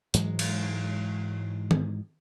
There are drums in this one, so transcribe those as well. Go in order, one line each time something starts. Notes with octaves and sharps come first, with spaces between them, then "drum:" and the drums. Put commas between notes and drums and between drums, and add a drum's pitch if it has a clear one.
G#2 E3 F#3 G#3, drum: hi-hat
drum: cymbal
drum: tom D#3